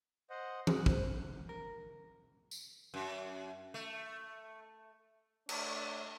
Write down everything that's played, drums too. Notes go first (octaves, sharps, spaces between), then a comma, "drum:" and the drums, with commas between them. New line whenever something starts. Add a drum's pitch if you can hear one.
C5 D#5 F#5
G#4 F#6, drum: tom E3
C5, drum: kick
A#4
drum: tambourine
F#2
A3
A3 D4 C#5, drum: cymbal